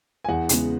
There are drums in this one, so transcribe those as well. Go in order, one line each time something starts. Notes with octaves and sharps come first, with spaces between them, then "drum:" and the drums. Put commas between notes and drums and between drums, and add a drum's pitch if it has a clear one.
G#5
E2 F#5
C#3 G#3 B3, drum: hi-hat